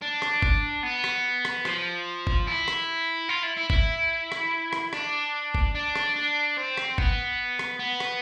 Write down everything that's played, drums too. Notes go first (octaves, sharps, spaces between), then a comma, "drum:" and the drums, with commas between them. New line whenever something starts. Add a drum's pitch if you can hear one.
D4
drum: rim click
drum: kick G1
B3
drum: rim click
drum: rim click
F3, drum: rim click
drum: kick G1
E4
drum: rim click
F4
E4
E4
E4, drum: kick G1
drum: rim click
drum: rim click
D4, drum: rim click
drum: kick G1
D4
drum: rim click
D4
C4
drum: rim click
B3, drum: kick G1
drum: rim click
B3
drum: rim click